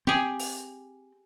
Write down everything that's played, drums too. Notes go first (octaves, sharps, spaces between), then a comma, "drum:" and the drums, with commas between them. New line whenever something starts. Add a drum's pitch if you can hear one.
C4 G4 G#4
drum: open hi-hat